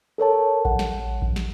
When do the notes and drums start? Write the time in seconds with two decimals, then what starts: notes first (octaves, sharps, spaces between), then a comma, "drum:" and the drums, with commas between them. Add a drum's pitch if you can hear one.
0.18 A4 A#4 C#5 A5
0.65 F#5, drum: kick A#1
0.79 drum: snare
1.22 drum: kick A#1
1.36 drum: snare